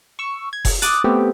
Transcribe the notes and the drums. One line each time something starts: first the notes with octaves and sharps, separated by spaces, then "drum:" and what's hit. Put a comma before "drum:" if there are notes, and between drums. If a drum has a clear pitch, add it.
C#6 E6
G#6
drum: kick F1, open hi-hat
D6 D#6 F#6 A6, drum: hi-hat
A3 B3 C4 G4